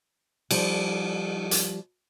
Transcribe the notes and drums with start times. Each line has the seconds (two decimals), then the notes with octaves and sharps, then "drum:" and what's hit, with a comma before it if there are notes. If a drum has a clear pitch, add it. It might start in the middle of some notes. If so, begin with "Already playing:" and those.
0.51 F3 G3, drum: cymbal
1.51 drum: hi-hat